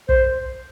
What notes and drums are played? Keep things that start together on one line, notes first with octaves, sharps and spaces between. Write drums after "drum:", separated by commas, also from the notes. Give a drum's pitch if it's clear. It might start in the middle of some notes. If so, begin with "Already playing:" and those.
C5, drum: kick